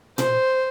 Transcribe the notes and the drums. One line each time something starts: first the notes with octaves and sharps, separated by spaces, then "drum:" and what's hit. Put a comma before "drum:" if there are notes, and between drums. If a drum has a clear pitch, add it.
C5, drum: tom A#2